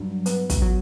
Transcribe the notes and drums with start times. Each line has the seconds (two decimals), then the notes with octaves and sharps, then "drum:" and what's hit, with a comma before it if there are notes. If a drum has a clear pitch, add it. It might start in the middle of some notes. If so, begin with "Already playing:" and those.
Already playing: G2 F#3
0.26 B3, drum: hi-hat
0.50 drum: kick, hi-hat
0.62 F#3